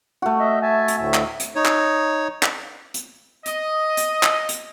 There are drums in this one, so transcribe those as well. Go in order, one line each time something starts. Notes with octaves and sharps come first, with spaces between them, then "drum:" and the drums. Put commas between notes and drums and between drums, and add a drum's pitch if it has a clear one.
A3 F#4
D#5 E5
E5 G#5 A5
drum: hi-hat
D2 A2 E5
drum: clap
drum: hi-hat
D#4 C#5
drum: clap
drum: clap
drum: hi-hat
D#5, drum: hi-hat
drum: hi-hat
drum: clap
drum: hi-hat